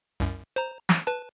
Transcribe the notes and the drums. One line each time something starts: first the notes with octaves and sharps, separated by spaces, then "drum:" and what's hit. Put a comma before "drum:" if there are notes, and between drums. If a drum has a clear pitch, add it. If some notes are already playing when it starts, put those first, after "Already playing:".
C2 F#2
C5 A#5
drum: snare
B4 A5